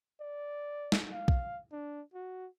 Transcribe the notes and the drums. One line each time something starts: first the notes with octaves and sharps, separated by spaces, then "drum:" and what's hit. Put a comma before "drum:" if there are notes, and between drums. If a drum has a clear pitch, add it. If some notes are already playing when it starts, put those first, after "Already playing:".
D5
drum: snare
F5
drum: kick B1
D4
F#4